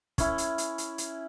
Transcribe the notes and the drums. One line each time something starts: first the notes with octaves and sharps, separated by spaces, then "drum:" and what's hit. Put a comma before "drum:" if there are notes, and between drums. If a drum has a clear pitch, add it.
C#4 E4, drum: kick, hi-hat
drum: hi-hat
drum: hi-hat
drum: hi-hat
drum: hi-hat